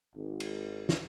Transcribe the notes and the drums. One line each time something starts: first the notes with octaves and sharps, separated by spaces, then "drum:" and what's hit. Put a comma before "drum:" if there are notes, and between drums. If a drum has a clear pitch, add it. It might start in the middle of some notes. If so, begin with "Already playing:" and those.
G#1
drum: cymbal
drum: snare